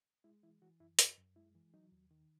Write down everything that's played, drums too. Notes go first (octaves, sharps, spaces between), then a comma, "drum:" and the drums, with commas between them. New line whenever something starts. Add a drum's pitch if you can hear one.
G#3 E4
E3 E4
E3 F#4
F#2 E4
F#2 F#4, drum: hi-hat
F#2
G#3 E4
E3
F#3 D#4
D#2
D#3